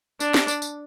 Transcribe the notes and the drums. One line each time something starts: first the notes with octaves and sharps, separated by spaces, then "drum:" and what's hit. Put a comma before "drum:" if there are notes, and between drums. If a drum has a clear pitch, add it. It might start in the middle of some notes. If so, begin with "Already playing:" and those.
D4, drum: tambourine
drum: snare
drum: tambourine
drum: tambourine